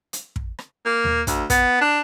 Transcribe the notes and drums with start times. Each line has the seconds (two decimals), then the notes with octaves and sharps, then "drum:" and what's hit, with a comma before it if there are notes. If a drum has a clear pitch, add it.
0.13 drum: hi-hat
0.36 drum: kick
0.59 drum: rim click
0.85 A#3
1.04 drum: tom D#2
1.27 D2, drum: kick, hi-hat
1.50 B3, drum: kick, hi-hat
1.81 D4